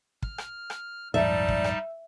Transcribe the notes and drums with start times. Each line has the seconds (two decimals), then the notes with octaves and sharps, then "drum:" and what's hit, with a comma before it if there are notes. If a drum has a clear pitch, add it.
0.22 F6, drum: kick
0.38 drum: rim click
0.70 drum: rim click
1.14 A#1 F2 G#2 G3 D#4 D5 E5 A5
1.49 drum: kick
1.64 drum: rim click